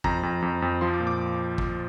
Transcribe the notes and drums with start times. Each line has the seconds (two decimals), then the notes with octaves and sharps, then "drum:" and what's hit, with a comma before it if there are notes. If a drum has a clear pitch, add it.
0.04 F2 A#5, drum: kick
0.23 F2
0.42 F2
0.62 F2
0.81 F3 C6
0.94 D6
1.00 A#2
1.07 D6
1.58 drum: kick